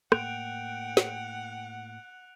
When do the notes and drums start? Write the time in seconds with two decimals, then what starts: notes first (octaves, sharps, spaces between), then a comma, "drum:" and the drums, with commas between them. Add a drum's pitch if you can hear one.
0.12 A2 A#3 F#5 G5 F#6 D7 F7, drum: rim click
0.97 drum: snare